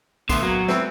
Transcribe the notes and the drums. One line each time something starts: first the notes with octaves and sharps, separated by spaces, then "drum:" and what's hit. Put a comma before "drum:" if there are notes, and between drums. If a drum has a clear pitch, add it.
D3 A3 B3 C6, drum: kick B1, tambourine
F#3 A#3
E3 B3 C4 E5, drum: snare